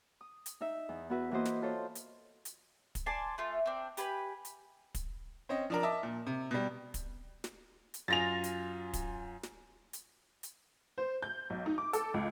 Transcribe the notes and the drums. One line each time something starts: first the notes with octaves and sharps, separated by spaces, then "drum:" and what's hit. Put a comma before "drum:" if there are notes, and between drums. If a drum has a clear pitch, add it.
D#6
drum: hi-hat
D#4 E5
E2
B3 E4 F#4 B4 E5
E3 A#3 F#4 B4 C5 D#5
drum: snare
F4 A4 C5 C#5
drum: hi-hat
drum: hi-hat
drum: kick, hi-hat
D5 G#5 A5 C6
A3 F4
C4 D4
G4 B4 G#5 B5, drum: hi-hat
drum: hi-hat
drum: kick, hi-hat
C4 C#4 D#5
F3 D4 A#4
D#5 E5 A5 D6
A#2
C3
B2 G3
drum: kick, hi-hat
drum: snare
drum: hi-hat
F#2 F4 G#5 A6 A#6 F7
drum: hi-hat
drum: kick, hi-hat
drum: snare
drum: hi-hat
drum: hi-hat
C5
G6
B1
D#4
D6
A4, drum: hi-hat
C#2